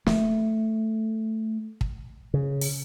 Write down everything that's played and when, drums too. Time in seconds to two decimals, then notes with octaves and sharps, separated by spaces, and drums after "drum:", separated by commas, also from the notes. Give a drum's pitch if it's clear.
0.06 A3, drum: snare
1.81 drum: kick
2.34 C#3
2.61 drum: open hi-hat